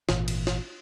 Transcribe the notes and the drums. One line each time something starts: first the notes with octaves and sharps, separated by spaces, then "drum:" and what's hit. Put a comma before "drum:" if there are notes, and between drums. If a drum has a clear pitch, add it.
G#1 A#2 E3, drum: snare
drum: cymbal
drum: snare